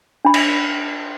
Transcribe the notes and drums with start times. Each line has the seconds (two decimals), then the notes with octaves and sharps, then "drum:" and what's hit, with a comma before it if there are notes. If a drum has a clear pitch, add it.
0.25 D4 B5
0.34 drum: cymbal